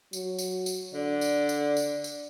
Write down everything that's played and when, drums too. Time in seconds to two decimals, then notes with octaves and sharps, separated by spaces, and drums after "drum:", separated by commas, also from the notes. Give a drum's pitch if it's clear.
0.13 F#3, drum: tambourine
0.39 drum: tambourine
0.66 drum: tambourine
0.94 D3 D5
1.21 drum: tambourine
1.49 drum: tambourine
1.77 drum: tambourine
2.04 drum: tambourine